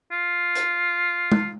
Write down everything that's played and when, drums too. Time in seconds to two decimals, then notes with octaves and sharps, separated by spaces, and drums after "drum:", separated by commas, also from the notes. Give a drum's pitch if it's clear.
0.12 F4
0.55 drum: hi-hat
1.32 drum: tom G#3